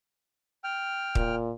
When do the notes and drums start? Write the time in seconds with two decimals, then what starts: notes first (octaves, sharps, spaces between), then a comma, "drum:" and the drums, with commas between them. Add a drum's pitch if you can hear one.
0.64 G5 F6
1.15 A#2, drum: kick